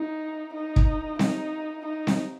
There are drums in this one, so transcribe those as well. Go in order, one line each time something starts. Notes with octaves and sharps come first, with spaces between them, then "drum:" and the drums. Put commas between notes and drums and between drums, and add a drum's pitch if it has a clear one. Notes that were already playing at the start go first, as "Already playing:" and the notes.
Already playing: D#4
D#4
drum: kick
D#4, drum: snare C4
D#4
drum: snare C4